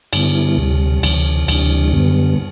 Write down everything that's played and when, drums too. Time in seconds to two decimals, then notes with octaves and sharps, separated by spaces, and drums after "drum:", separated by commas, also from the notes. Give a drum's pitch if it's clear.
0.13 G2 D3 G3 B3 E4, drum: cymbal
0.58 D2 C3 G3
1.03 D2 C3 E3, drum: cymbal
1.48 D2 C3 E3 G3 D4, drum: cymbal
1.93 F#2 D3 G3 B3